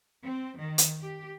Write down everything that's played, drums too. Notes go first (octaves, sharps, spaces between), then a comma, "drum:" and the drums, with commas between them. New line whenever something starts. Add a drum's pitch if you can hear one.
C4
D#3
drum: hi-hat
G4